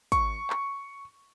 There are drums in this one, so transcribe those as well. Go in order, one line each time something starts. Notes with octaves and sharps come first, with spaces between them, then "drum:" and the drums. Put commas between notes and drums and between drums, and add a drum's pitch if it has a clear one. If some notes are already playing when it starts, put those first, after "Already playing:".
C#6, drum: kick, hi-hat
drum: clap